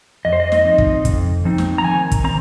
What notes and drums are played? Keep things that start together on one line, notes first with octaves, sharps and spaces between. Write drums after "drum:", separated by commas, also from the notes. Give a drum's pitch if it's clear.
F2 D#5
C5
D#5
drum: snare
F3 C4 D#4
drum: kick
F2, drum: kick, hi-hat
F3 C4 D#4
drum: snare
A#5
D#3 G#5
drum: kick, hi-hat
C4 A#5